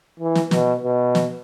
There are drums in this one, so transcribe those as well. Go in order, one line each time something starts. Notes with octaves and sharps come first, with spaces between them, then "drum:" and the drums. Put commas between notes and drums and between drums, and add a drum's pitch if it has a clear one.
E3
drum: snare
B2, drum: snare
B2
drum: snare